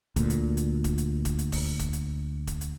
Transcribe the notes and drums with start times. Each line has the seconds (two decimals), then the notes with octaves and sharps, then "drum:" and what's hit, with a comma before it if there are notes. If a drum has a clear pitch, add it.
0.16 D2 A#2, drum: kick E1, hi-hat
0.30 drum: hi-hat
0.57 drum: hi-hat
0.84 drum: kick E1, hi-hat
0.98 drum: hi-hat
1.25 drum: kick E1, hi-hat
1.39 drum: hi-hat
1.52 drum: kick E1, open hi-hat
1.79 drum: kick E1, hi-hat
1.93 drum: hi-hat
2.47 drum: kick E1, hi-hat
2.61 drum: hi-hat